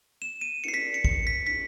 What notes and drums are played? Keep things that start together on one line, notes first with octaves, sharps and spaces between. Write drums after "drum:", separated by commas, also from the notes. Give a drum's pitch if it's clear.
E7
D#7
C#7, drum: cymbal
C7
B6
C#7
C#7, drum: kick
B6
B6, drum: cymbal